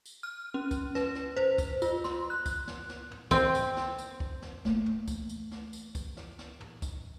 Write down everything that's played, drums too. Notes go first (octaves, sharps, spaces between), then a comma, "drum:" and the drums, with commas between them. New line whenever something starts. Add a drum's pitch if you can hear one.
drum: tambourine
F6
C#4
drum: kick, tambourine
B4, drum: snare
drum: snare
C5, drum: tom
drum: kick, tambourine
F4, drum: tambourine
C6, drum: snare
F#6
drum: kick, tambourine
drum: snare
drum: snare
drum: tom
C4, drum: kick, tambourine
drum: tambourine
drum: snare
drum: tambourine
drum: kick
drum: snare
A3 A#3, drum: snare
drum: tom
drum: kick, tambourine
drum: tambourine
drum: snare
drum: tambourine
drum: kick, tambourine
drum: snare
drum: snare
drum: tom
drum: kick, tambourine